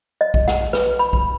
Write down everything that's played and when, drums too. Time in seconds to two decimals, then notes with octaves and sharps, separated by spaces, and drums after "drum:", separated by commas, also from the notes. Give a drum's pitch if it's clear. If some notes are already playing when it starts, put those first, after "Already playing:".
0.21 D#5
0.34 drum: kick A#1
0.48 F#5, drum: snare
0.73 B4, drum: snare
0.99 B5
1.13 drum: kick A#1